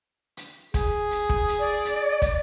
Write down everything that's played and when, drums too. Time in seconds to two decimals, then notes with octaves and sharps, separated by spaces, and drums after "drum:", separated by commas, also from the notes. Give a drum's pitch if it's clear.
0.37 drum: hi-hat
0.74 G#4, drum: kick, hi-hat
1.11 drum: hi-hat
1.29 drum: kick
1.48 drum: hi-hat
1.59 D5
1.85 drum: hi-hat
2.22 drum: kick, hi-hat